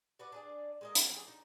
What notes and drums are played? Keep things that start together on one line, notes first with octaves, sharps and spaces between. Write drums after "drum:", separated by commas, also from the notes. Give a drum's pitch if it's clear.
F#4 B4 D5
D4 G#4 D5
G#3 A#3 D#5
F3 F#3 C4, drum: hi-hat
D3 G#4
D#4